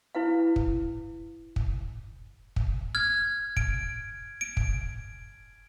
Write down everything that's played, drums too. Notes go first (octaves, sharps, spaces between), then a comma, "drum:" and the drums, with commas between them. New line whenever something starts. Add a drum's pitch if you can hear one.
E4 B4 F5
drum: kick
drum: kick
drum: kick
F6 G#6
D7, drum: kick
D7
drum: kick